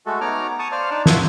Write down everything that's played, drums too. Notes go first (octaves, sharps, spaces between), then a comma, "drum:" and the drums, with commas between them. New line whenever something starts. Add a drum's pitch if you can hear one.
G#3 A3 F#4 A4
B3 D#4 C#5 A#5 D6 F6
A5 C#6 D#6
C5 D5 F5 F6
D4 D#4 D5 A5
F4 F#4 C#5 E5, drum: snare